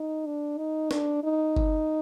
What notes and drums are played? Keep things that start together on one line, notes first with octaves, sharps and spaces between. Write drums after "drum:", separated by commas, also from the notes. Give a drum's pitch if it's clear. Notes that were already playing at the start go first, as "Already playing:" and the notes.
Already playing: D#4
D4
D#4
D4, drum: snare
D#4
drum: kick G1